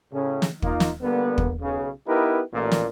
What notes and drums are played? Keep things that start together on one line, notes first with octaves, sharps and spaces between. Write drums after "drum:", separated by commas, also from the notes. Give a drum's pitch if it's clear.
A2 C#3 C#4
drum: snare
A#3 D#4 F4, drum: kick
drum: snare
D3 G3 A#3 B3
drum: kick
B1 C#3
B3 D#4 E4 G4 A#4 B4
A1 A#2
drum: snare